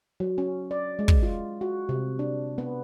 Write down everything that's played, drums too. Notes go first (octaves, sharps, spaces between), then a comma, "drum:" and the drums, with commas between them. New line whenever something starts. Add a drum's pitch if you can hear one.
F#3
C#4
D5
G#3
drum: kick
F4
F#4
C3
D4
B3